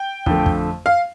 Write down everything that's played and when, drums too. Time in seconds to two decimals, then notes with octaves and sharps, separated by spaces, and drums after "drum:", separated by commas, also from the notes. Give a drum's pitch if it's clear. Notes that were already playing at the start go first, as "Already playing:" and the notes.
Already playing: G5
0.26 F2 D3 A3, drum: kick
0.46 drum: kick
0.86 F5